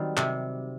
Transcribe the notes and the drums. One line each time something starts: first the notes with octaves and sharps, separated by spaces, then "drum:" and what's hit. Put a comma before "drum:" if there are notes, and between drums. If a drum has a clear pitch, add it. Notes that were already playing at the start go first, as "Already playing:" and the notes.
Already playing: D#3 F#3 G3 C4
C3, drum: clap